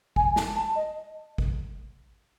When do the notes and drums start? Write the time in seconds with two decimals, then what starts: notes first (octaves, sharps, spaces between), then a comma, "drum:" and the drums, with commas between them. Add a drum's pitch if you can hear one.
0.16 G#5, drum: kick G#1
0.36 A5, drum: snare
0.55 A5
0.75 D#5
1.38 drum: kick G#1